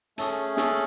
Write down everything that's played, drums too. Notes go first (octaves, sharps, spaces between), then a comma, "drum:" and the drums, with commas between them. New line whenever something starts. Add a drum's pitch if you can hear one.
A3 C#4 G#4 A4, drum: hi-hat
A4, drum: snare